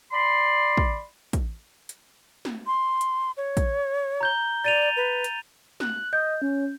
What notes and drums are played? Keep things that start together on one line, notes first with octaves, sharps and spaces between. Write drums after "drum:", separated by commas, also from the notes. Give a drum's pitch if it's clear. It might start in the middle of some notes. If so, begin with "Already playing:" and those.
D5 B5 C6
drum: kick
drum: kick, hi-hat
drum: hi-hat
drum: snare
C6
drum: hi-hat
C#5
drum: kick, hi-hat
A#5 G6 G7
D5 A6 D#7 F7
B4
drum: hi-hat
F#6, drum: snare
D#5 G6
C#4